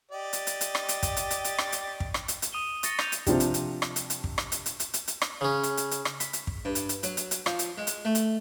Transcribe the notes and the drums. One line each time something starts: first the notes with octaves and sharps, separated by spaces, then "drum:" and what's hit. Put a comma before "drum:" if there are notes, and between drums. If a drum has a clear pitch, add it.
G4 D5 D#5
drum: hi-hat
drum: hi-hat
drum: hi-hat
drum: rim click
drum: hi-hat
drum: kick, hi-hat
drum: hi-hat
drum: hi-hat
drum: hi-hat
drum: rim click
drum: hi-hat
drum: kick
drum: rim click
drum: hi-hat
drum: hi-hat
D#6 D#7 E7 G7
C#6 A6 A#6 C#7, drum: hi-hat
G6 F7, drum: rim click
drum: hi-hat
C3 F3 D4 G4, drum: kick, hi-hat
drum: hi-hat
drum: hi-hat
drum: rim click
drum: hi-hat
drum: hi-hat
drum: kick
drum: rim click
drum: hi-hat
drum: hi-hat
drum: hi-hat
drum: hi-hat
drum: hi-hat
drum: rim click
C#3 C#4
drum: hi-hat
drum: hi-hat
drum: hi-hat
drum: rim click
B5, drum: hi-hat
drum: hi-hat
drum: kick
G2
drum: hi-hat
drum: hi-hat
F#3, drum: hi-hat
drum: hi-hat
drum: hi-hat
F3, drum: rim click
drum: hi-hat
G#3
drum: hi-hat
A3
drum: hi-hat